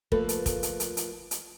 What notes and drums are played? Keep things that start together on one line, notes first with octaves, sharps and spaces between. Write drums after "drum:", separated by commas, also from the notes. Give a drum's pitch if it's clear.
F3 A3 A#3 F4 A4 B4, drum: kick
drum: hi-hat
drum: kick, hi-hat
drum: hi-hat
drum: hi-hat
drum: hi-hat
drum: hi-hat